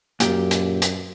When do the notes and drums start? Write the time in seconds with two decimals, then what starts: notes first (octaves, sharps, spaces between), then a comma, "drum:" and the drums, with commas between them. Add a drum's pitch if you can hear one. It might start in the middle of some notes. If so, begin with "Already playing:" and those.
0.20 F#2 A#2 G4, drum: hi-hat
0.51 drum: hi-hat
0.82 drum: hi-hat